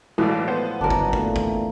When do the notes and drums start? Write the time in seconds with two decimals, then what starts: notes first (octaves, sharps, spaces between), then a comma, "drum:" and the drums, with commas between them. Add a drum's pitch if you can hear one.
0.18 B1 A2 E3 F3 G#3 D5
0.48 B3 C5
0.81 G1 F#2 D4 A#4
0.90 drum: kick
1.13 E2 A#2 A3, drum: kick
1.36 drum: kick